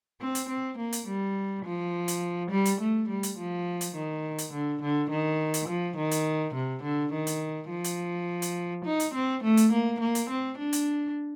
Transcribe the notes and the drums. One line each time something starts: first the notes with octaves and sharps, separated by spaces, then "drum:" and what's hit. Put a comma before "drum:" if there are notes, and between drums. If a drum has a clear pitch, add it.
C4
drum: hi-hat
C4
A#3
drum: hi-hat
G3
F3
drum: hi-hat
G3
drum: hi-hat
A3
G3
drum: hi-hat
F3
drum: hi-hat
D#3
drum: hi-hat
D3
D3
D#3
drum: hi-hat
F3
D#3
drum: hi-hat
C3
D3
D#3
drum: hi-hat
F3
drum: hi-hat
drum: hi-hat
D#4
drum: hi-hat
C4
A3
drum: hi-hat
A#3
A#3
drum: hi-hat
C4
D4
drum: hi-hat